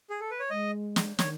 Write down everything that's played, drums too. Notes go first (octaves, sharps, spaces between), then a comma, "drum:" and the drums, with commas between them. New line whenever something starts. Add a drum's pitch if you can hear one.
G#4
A4
B4
C#5
G#3 D#5
drum: snare
D#3 C#5, drum: snare